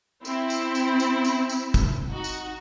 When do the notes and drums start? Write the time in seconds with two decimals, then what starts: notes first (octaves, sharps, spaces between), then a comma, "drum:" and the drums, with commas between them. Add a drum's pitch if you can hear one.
0.25 C4 E4, drum: tambourine
0.50 drum: tambourine
0.75 drum: tambourine
1.00 drum: tambourine
1.25 drum: tambourine
1.49 drum: tambourine
1.74 drum: kick, tambourine
2.11 D#4 F#4
2.24 drum: tambourine